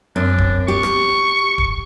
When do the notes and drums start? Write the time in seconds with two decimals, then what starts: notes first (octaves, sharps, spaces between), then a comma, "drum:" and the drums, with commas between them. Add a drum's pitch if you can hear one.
0.16 F#2 C4 D4
0.38 drum: kick D#1
0.68 G4 C#6
0.83 drum: rim click
1.58 drum: kick D#1